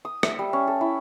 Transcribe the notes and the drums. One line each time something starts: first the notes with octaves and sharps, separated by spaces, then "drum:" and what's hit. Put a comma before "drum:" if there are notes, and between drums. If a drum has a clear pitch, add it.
D#6
E5, drum: rim click
G3
C#4
A4
E4